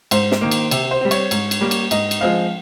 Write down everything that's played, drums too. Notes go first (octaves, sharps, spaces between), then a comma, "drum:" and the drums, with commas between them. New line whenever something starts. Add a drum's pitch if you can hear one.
G#2 C5, drum: cymbal
drum: snare
D#3 A#3
drum: cymbal
C3, drum: cymbal
C5
G3 C4
C#5, drum: cymbal
G#2, drum: cymbal
drum: cymbal
G3 A#3
drum: cymbal
G#2 D#5, drum: cymbal
drum: cymbal
F3 G#3 C4 F5